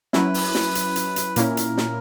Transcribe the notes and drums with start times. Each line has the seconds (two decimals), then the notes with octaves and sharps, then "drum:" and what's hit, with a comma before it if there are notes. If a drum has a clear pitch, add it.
0.13 F#3 C#4 E4 B4, drum: snare
0.34 drum: open hi-hat
0.55 drum: snare
0.75 drum: hi-hat
0.96 drum: hi-hat
1.16 drum: hi-hat
1.36 A#2 A#3 C#4 E4 A#4, drum: hi-hat
1.57 drum: hi-hat
1.78 drum: snare